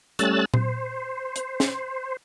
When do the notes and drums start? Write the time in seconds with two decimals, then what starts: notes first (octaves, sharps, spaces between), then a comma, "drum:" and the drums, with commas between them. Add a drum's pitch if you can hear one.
0.19 G3 A3 C#4 E6 F#6 A6, drum: hi-hat
0.54 C5, drum: tom A#2
1.36 drum: hi-hat
1.60 drum: snare